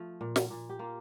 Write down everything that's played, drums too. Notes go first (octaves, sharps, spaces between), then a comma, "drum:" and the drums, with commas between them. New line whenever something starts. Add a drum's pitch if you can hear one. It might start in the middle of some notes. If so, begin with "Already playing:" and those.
Already playing: F3 A3 F4
A#2
drum: snare
A#2
G4
A#3 F4